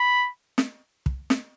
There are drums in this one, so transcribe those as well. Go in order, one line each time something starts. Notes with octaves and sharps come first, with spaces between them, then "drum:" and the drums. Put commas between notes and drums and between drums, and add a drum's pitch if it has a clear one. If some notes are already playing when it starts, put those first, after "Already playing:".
Already playing: B5
drum: snare
drum: kick
drum: snare